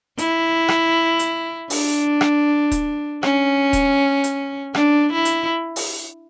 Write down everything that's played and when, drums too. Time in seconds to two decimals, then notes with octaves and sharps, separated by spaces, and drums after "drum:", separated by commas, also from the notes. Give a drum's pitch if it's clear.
0.18 E4, drum: hi-hat
0.69 drum: rim click
1.19 drum: hi-hat
1.70 D4, drum: open hi-hat
2.21 drum: rim click
2.71 drum: kick D#1, hi-hat
3.23 C#4, drum: rim click
3.73 drum: kick D#1, hi-hat
4.24 drum: hi-hat
4.75 D4, drum: rim click
5.12 E4
5.25 drum: hi-hat
5.76 drum: open hi-hat